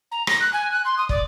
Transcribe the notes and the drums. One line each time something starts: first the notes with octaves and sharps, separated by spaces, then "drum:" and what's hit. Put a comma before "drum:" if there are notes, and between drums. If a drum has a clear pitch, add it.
A#5
A#6, drum: rim click
F#6
G#5
F#6
C6
D#6
D5, drum: kick